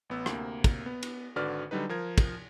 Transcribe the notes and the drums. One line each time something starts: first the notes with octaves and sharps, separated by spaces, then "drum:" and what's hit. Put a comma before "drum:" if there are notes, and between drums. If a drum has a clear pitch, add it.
A1 B3 E6
D2 C3 A#3, drum: rim click
drum: kick, cymbal
B3
drum: cymbal
G#1 D3 F#4 B4 D5 F6
D3 F#3 G3 D#4 B4
F3 A#4 G#6
drum: kick, cymbal